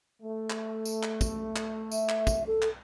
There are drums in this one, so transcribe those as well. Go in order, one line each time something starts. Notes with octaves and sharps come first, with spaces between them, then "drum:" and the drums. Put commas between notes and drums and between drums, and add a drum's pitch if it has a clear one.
A3
drum: clap
drum: tambourine
drum: clap
drum: kick, tambourine
drum: clap
E5, drum: tambourine
drum: clap
drum: kick, tambourine
A4
drum: clap